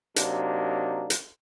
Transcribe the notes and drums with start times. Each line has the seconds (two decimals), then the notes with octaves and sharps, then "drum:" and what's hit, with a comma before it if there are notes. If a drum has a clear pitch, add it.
0.16 C3 F#3 A#3 D4 D#4, drum: hi-hat
1.10 drum: hi-hat